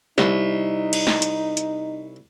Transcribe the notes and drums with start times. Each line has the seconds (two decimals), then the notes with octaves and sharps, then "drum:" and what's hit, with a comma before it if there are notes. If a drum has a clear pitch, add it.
0.18 C2 D#4, drum: snare
0.93 drum: cymbal
1.07 drum: snare
1.22 drum: hi-hat
1.57 drum: hi-hat